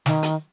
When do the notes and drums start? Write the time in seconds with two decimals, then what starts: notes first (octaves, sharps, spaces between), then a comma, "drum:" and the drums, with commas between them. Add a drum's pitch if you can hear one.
0.06 D#3, drum: snare
0.23 drum: hi-hat